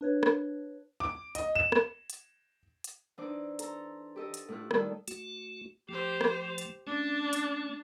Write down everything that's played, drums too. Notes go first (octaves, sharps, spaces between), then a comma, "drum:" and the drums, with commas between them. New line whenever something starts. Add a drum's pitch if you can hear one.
D4 B4 C#5
drum: rim click
D6
D#5, drum: hi-hat
E7
drum: rim click
drum: hi-hat
drum: hi-hat
E3 D4 D#4 C5 D6
A4 A#5 C6, drum: hi-hat
G4 A4 D#5
drum: hi-hat
A2 A3 F4 A4 F#6
D#3 G3 A4, drum: rim click
A3 F#4, drum: hi-hat
F3 A3 G4 C5
drum: rim click
drum: hi-hat
A3 C#4 D4
drum: hi-hat